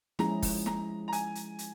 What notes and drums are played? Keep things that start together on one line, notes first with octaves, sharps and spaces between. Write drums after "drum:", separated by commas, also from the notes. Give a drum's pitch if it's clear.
F3 G#3 C#4 E4 G#4 A#5, drum: snare
drum: kick F#1, open hi-hat
A#5, drum: snare
A#5
G#5, drum: hi-hat
drum: hi-hat
drum: hi-hat